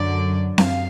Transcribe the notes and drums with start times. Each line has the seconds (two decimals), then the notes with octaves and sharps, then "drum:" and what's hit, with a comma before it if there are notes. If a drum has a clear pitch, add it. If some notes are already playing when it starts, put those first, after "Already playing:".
Already playing: F#2 D3 F#3 D5
0.58 F#2 F5, drum: snare C4